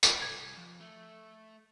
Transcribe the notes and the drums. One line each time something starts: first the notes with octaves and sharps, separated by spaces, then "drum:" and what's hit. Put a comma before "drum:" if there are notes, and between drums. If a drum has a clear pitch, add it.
drum: tambourine
C2 G#4 G#6
F2
A3